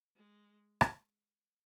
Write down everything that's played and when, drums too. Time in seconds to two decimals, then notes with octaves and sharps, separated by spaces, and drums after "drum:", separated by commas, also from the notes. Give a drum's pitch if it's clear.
0.16 G#3
0.81 drum: rim click